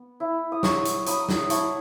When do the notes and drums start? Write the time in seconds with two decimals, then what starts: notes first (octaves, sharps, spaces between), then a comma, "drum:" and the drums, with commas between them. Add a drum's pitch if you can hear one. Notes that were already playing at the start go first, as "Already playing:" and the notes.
Already playing: B3
0.20 E4
0.52 D#6
0.63 F#3 C#6 E6, drum: snare
0.85 drum: hi-hat
1.06 F#3 B5 D#6, drum: hi-hat
1.29 drum: snare
1.50 E4 A5 C#6, drum: hi-hat